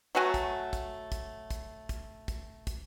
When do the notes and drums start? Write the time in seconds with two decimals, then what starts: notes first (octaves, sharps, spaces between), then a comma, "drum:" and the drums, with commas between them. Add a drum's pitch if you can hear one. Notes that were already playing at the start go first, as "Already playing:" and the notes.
0.15 F#3 A3 F#4 G#5
0.34 drum: kick, hi-hat
0.73 drum: kick, hi-hat
1.12 drum: kick, hi-hat
1.50 drum: kick, hi-hat
1.89 drum: kick, hi-hat
2.28 drum: kick, hi-hat
2.67 drum: kick, hi-hat